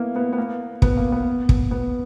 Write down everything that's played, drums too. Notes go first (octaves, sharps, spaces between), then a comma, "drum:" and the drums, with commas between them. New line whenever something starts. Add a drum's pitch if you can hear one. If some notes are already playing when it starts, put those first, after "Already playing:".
Already playing: A#3 B3 E4
B3
B3
A#3
B3, drum: kick
A#3
B3
drum: kick
B3